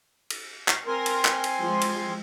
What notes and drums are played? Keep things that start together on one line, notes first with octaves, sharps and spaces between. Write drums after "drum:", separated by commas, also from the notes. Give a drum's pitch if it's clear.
drum: cymbal
drum: clap
C4 A#4 G#5 C6
drum: cymbal
drum: clap
drum: cymbal
F3 G#3
drum: cymbal